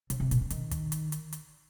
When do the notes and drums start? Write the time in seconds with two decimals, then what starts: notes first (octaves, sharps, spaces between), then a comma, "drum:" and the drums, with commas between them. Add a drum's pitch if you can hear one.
0.10 C#3, drum: hi-hat
0.20 C3
0.31 A#2, drum: hi-hat
0.41 C#3
0.50 D#3, drum: hi-hat
0.71 drum: kick, hi-hat
0.92 drum: hi-hat
1.12 drum: hi-hat
1.33 drum: hi-hat